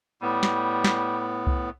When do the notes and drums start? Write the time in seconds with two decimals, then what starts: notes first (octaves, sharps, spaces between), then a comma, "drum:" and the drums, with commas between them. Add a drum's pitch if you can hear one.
0.22 A2 G3 B3
0.43 drum: snare
0.84 drum: snare
1.47 drum: kick C2